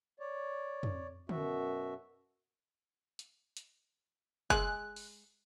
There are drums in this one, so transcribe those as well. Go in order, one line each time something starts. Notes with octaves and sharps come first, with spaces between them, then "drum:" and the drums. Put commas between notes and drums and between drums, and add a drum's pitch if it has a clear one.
C#5 D5
drum: tom F2
F#2 B2 F#4 E5, drum: tom D3
drum: hi-hat
drum: hi-hat
G#3 F#6, drum: kick F#1
drum: open hi-hat